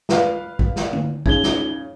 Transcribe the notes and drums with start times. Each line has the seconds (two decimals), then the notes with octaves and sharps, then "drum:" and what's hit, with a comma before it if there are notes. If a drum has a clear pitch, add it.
0.09 B4 F5, drum: snare
0.59 drum: kick
0.76 drum: snare
0.93 drum: tom
1.26 C#3 D#4 G#6 G7, drum: kick
1.43 drum: snare